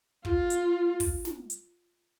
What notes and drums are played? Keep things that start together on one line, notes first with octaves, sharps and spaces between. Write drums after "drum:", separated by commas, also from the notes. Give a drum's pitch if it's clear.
F4, drum: kick
drum: hi-hat
drum: kick, open hi-hat
drum: snare
drum: hi-hat